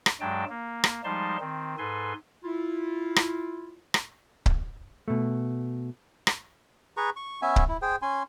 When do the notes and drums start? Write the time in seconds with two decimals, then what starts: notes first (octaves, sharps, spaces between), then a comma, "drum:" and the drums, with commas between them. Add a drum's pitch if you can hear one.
0.06 drum: rim click
0.21 G2 F#3 G#3 G5 A5
0.49 A#3
0.84 drum: rim click
1.04 F3 G3 G#3 D#4 A5 C6
1.40 D#3 C4
1.78 G#2 A4 B4 G#5 C6
2.44 E4 F4
3.16 drum: rim click
3.94 drum: rim click
4.46 drum: kick C#1
5.08 B2 A3
6.27 drum: rim click
6.97 G#4 B4 A#5 C#6
7.16 C#6
7.42 B3 C#4 E5 G#5
7.56 drum: kick C#1
7.69 E4
7.82 G#4 C5 G5
8.02 C#4 G#5 C6